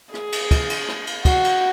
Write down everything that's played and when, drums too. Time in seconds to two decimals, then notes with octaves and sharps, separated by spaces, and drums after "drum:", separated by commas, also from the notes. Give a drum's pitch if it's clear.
0.14 G#4, drum: rim click
0.32 drum: cymbal
0.51 drum: kick, cymbal
0.70 drum: cymbal
0.88 drum: rim click
1.07 drum: cymbal
1.25 F#4, drum: kick, cymbal
1.44 drum: cymbal